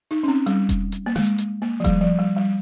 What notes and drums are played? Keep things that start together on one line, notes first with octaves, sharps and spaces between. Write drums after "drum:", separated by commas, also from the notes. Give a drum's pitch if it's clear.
D#4
C#4
C4
G3, drum: hi-hat
drum: kick E1, hi-hat
drum: hi-hat
A#3
G#3, drum: snare
drum: hi-hat
A#3
F3
G3, drum: kick E1, hi-hat
F3
G3
G3